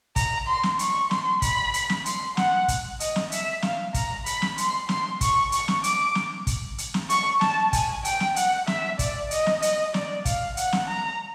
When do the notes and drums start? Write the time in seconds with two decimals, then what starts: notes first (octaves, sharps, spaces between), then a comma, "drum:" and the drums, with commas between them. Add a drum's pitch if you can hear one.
0.16 A#5, drum: kick, hi-hat
0.48 C6
0.63 drum: snare
0.79 C#6, drum: hi-hat
1.11 C6, drum: snare
1.42 B5, drum: kick, hi-hat
1.74 drum: hi-hat
1.90 drum: snare
2.06 C6, drum: hi-hat
2.37 F#5, drum: snare
2.68 drum: kick, hi-hat
3.00 D#5, drum: hi-hat
3.16 drum: snare
3.32 E5, drum: hi-hat
3.62 F5, drum: snare
3.94 A#5, drum: kick, hi-hat
4.26 B5, drum: hi-hat
4.42 drum: snare
4.58 C6, drum: hi-hat
4.89 C6, drum: snare
5.21 C#6, drum: kick, hi-hat
5.52 C#6, drum: hi-hat
5.68 drum: snare
5.84 D6, drum: hi-hat
6.15 drum: snare
6.47 drum: kick, hi-hat
6.78 drum: hi-hat
6.94 drum: snare
7.10 C#6, drum: hi-hat
7.41 A5, drum: snare
7.73 G#5, drum: kick, hi-hat
8.05 G5, drum: hi-hat
8.20 drum: snare
8.36 F#5, drum: hi-hat
8.67 E5, drum: snare
8.99 D5, drum: kick, hi-hat
9.31 D#5, drum: hi-hat
9.46 drum: snare
9.62 D#5, drum: hi-hat
9.94 D5, drum: snare
10.25 F5, drum: kick, hi-hat
10.57 F#5, drum: hi-hat
10.73 drum: snare
10.88 A#5